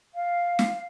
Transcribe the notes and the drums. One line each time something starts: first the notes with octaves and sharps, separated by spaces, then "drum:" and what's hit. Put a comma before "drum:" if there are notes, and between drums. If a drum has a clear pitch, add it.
F5
drum: snare